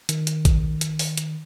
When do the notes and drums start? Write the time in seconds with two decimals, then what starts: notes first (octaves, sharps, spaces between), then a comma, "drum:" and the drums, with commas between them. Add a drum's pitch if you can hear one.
0.09 D#3, drum: hi-hat
0.27 drum: hi-hat
0.45 drum: kick, hi-hat
0.81 drum: hi-hat
0.99 drum: open hi-hat
1.17 drum: hi-hat